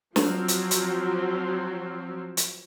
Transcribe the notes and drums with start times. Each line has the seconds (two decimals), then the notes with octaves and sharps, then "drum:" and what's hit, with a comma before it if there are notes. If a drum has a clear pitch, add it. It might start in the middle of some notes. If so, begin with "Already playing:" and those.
0.16 F3 F#3 C4, drum: snare
0.48 drum: hi-hat
0.71 drum: hi-hat
2.37 drum: hi-hat